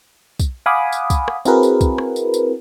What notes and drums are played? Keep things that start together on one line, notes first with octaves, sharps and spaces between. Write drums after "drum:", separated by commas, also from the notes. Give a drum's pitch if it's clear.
drum: kick, tambourine
F5 F#5 G#5 B5 D6 D#6
drum: tambourine
drum: kick, tambourine
drum: rim click
C4 E4 F#4 G#4 A#4 B4, drum: tambourine
drum: tambourine
drum: kick, tambourine
drum: rim click
drum: tambourine
drum: tambourine